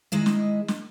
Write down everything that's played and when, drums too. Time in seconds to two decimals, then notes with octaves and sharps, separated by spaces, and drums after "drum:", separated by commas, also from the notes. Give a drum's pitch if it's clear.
0.12 D#3 G#3 E4 D#5
0.26 drum: snare
0.68 drum: snare